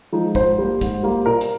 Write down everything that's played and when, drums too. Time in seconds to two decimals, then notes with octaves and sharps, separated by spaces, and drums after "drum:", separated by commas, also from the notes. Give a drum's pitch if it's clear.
0.12 F3 G#3 D#4
0.35 G#2 C5, drum: kick A1
0.58 G3 A#3
0.81 G#2, drum: kick A1, hi-hat
1.03 G3 A#3
1.26 A#2 A#4
1.41 drum: hi-hat